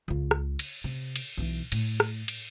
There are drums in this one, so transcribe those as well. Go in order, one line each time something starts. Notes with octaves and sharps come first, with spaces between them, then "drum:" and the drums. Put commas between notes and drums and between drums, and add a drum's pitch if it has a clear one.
C#2 F4
drum: rim click
drum: cymbal
C3
drum: cymbal
B1 E3
A2, drum: cymbal
drum: rim click
drum: cymbal